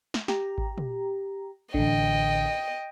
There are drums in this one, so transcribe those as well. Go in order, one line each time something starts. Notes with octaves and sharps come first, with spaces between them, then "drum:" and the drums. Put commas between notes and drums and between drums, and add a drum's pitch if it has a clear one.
drum: snare
G4 A#5, drum: snare
drum: kick G#1
drum: tom
A1 D3 D#5 G5, drum: kick G#1